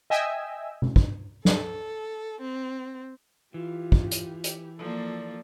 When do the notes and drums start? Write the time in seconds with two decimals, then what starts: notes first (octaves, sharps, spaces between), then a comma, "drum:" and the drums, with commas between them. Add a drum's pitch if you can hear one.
0.10 D#5 E5 G5 G#5 E6
0.82 drum: tom C3
0.96 drum: kick
1.45 A4, drum: snare
2.40 C4
3.54 E3 F4 G4
3.92 drum: kick
4.11 drum: hi-hat
4.44 G4, drum: hi-hat
4.78 F3 A#3 A4 D5